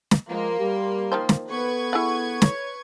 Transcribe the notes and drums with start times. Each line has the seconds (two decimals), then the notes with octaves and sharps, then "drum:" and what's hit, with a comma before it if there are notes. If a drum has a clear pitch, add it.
0.11 drum: snare
0.29 F3 G#3 A#3 C6
0.59 G3 G4
1.12 D#3 F3 C5
1.29 drum: snare
1.49 B3 A4 B4 C#6 G#6
1.93 E4 G#4 F#5
2.42 C#5, drum: snare